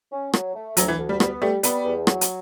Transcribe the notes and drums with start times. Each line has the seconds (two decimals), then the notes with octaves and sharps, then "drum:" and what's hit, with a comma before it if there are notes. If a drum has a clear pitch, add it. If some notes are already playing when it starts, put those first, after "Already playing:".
0.12 C#4
0.33 F#3, drum: rim click
0.55 A3
0.77 D2 F#3, drum: hi-hat
0.88 E3
0.98 D2
1.09 G3
1.20 G3 B3, drum: rim click
1.42 G3 A3
1.63 G3 B3, drum: hi-hat
1.85 E2
2.07 F#3, drum: rim click
2.21 drum: hi-hat